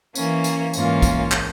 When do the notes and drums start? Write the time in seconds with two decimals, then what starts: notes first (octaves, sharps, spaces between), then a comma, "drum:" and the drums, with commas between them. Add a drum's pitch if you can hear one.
0.15 E3 A#3 C#4, drum: tambourine
0.44 drum: tambourine
0.73 G#2 E3 A#3 C#4 F4, drum: tambourine
1.02 drum: kick A#1, tambourine
1.32 drum: clap